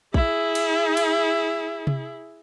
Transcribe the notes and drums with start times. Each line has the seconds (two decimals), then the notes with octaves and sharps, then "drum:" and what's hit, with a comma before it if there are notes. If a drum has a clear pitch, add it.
0.14 E4 G#4, drum: kick
0.55 drum: cymbal
0.97 drum: cymbal
1.87 drum: tom C3